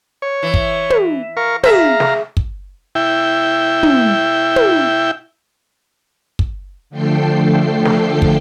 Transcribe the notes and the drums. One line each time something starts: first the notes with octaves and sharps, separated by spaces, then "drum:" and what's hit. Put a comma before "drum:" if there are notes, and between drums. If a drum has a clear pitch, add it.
C#5
E3
drum: kick
drum: tom
A#4 F5 C#6
G#4 E5 F5 A#5, drum: tom
drum: snare
drum: kick
E4 G5
drum: tom
drum: tom
drum: kick
D3 F3 A3 A4 G5 C7
drum: snare
drum: kick